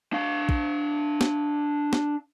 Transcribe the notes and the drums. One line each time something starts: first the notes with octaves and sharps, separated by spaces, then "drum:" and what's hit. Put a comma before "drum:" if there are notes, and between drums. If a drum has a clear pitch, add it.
D4 F5
drum: kick
drum: snare
drum: snare